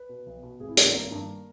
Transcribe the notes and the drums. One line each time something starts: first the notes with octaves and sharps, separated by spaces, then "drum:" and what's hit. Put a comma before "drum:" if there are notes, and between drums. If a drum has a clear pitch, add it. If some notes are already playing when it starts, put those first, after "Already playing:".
Already playing: B4
B2
B1
B2
G#1 G#4
E4
G2 D#3 D#4, drum: hi-hat
G#1 A#3
G2 D#3